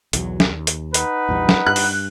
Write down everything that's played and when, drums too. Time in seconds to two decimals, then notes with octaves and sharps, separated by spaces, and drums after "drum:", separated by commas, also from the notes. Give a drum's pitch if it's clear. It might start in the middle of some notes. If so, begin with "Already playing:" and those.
0.13 B1 E2 F#3, drum: hi-hat
0.40 drum: snare
0.50 D#2
0.67 drum: hi-hat
0.94 D#4 B4 F#5, drum: hi-hat
1.29 A#1 E2 G3
1.49 drum: snare
1.67 G2 F#6
1.76 drum: open hi-hat